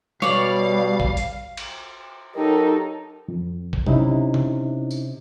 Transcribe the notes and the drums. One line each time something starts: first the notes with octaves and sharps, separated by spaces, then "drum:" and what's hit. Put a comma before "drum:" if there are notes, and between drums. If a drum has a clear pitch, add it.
B2 G3 C#5 D5 F5, drum: snare
drum: kick A1
drum: hi-hat
drum: cymbal
F#3 D#4 G4 A4 A#4
F2
drum: kick A1
C3 C#4 D#4 E4, drum: tom
drum: tom C3
drum: tambourine